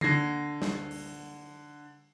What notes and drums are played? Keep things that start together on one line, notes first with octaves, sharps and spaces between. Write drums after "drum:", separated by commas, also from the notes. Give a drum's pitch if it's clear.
D3 G#6 A#6 C7, drum: tom D3
drum: snare
drum: open hi-hat